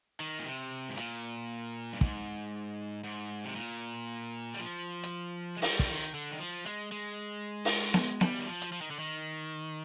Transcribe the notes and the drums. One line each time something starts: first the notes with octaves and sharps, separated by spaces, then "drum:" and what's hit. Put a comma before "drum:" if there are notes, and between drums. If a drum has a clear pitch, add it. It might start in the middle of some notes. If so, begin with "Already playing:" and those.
D#3
A#2
C3
G#2
A#2, drum: hi-hat
G2
G#2, drum: kick
G#2
C3
A#2
G3
F3
drum: hi-hat
G#3
G3, drum: open hi-hat
D3, drum: kick
D#3
D3
D#3
F3
G#3, drum: hi-hat
G#3
drum: open hi-hat
drum: snare B3
G3, drum: snare B3
D#3
F3
drum: hi-hat
F3
D#3
D3
D#3